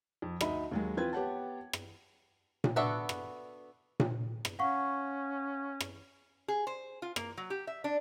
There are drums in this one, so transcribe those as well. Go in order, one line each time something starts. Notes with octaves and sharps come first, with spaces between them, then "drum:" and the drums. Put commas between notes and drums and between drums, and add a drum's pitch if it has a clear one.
F2
D2 D#4 D#5 E5 B5, drum: rim click
D#2 F#3 G#3
E3 C4 F4 B4 G5 G#6
B3 G4 C#5 F#5 G5 A5
drum: rim click
drum: tom A#2
B3 D4 F#4 A4 E5
drum: rim click
drum: tom A#2
drum: rim click
C#4 F5 F#5 C#6
drum: rim click
G#4
C5
F4
A#3, drum: rim click
F#3
G4
E5
D4